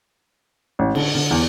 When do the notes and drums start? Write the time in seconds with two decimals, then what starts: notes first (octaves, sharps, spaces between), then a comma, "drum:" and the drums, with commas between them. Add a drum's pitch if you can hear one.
0.79 A1
0.95 D3, drum: cymbal
1.15 D3
1.31 E2